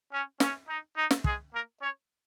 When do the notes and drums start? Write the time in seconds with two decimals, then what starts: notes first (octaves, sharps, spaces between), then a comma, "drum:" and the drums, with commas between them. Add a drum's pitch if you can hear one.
0.12 C#4
0.40 C#4, drum: snare
0.68 D#4
0.96 D#4
1.11 drum: snare
1.24 G#3 G#4, drum: kick
1.53 A#3 A#4
1.80 C#4 C#5